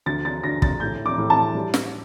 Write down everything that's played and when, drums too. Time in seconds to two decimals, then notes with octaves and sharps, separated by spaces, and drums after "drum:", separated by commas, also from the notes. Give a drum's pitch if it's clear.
0.06 D2 A6
0.25 A6
0.44 D2 A#6
0.62 A6, drum: kick
0.80 A2 G6
1.06 D6
1.18 A2
1.30 A5
1.55 G3
1.74 drum: snare